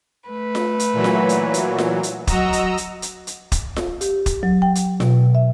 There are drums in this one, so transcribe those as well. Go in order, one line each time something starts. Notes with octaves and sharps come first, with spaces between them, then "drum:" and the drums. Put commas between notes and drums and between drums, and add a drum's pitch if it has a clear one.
A3 B4
drum: snare F4
drum: hi-hat
A#2 E3 F#3
drum: snare F4
drum: hi-hat
drum: hi-hat
drum: snare F4
drum: hi-hat
F#3 F#4 D#5 A#5 E6, drum: kick, hi-hat
drum: hi-hat
drum: hi-hat
drum: hi-hat
drum: hi-hat
drum: kick, hi-hat
drum: snare F4
G4, drum: hi-hat
drum: kick, hi-hat
F#3
G5
drum: hi-hat
B2, drum: snare F4
E5